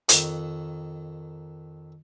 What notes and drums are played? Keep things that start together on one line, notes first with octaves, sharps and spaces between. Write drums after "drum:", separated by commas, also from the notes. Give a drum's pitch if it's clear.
F2 D#3, drum: hi-hat